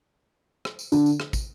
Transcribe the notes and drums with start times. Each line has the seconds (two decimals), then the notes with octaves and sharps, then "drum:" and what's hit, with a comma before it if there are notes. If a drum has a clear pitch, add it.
0.65 drum: rim click
0.79 drum: tambourine
0.92 D3, drum: tambourine
1.06 drum: tambourine
1.20 drum: rim click
1.33 drum: kick, tambourine